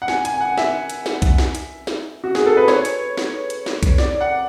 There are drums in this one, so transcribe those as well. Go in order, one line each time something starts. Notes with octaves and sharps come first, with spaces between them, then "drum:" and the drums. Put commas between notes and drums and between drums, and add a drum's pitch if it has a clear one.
F#5
G#5, drum: snare
G#5, drum: hi-hat
F#5
E5, drum: snare
drum: hi-hat
drum: snare
drum: kick B1, hi-hat
drum: snare
drum: hi-hat
drum: snare
F#4
G#4, drum: snare
A4
B4
C#5, drum: snare
drum: hi-hat
drum: snare
drum: hi-hat
drum: snare
drum: kick B1, hi-hat
D5, drum: snare
F#5